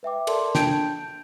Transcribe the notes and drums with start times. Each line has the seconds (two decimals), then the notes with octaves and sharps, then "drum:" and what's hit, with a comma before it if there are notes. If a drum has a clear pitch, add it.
0.03 B4 E5 G5 D6
0.27 A4 A#4 D5 A5 C6 D6, drum: cymbal
0.55 D4 G5 A5 G6 G#6 D7, drum: snare
0.87 G6